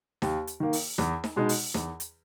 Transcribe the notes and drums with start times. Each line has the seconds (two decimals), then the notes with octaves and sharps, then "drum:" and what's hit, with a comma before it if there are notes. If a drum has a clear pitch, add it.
0.22 D#2, drum: snare D#4
0.47 drum: hi-hat
0.60 D#3 A#3
0.73 drum: open hi-hat
0.98 E2, drum: snare D#4
1.24 drum: snare D#4
1.36 B2 G#3 D#4
1.49 drum: open hi-hat
1.74 E2, drum: snare D#4
2.00 drum: hi-hat